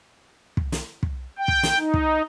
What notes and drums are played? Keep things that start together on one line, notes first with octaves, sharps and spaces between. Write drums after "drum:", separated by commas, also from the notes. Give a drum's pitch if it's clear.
drum: kick
drum: snare
drum: kick
G5
drum: kick
drum: snare
D#4
drum: kick